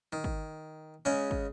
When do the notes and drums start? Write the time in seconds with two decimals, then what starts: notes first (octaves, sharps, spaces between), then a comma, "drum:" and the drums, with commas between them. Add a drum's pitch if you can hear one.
0.13 D#3
0.24 drum: kick
1.05 C#3 G#3 C#4 C#6
1.31 drum: kick